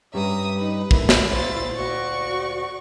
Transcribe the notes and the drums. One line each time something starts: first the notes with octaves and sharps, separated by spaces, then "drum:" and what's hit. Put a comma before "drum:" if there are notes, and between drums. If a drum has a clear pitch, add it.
G2 G3 C#4 E5 A#5 D#6
D#4 B4
A#2 D3 E4, drum: kick
drum: snare
D2 A#2 C#5 C6 A6
F#4 D5 C#6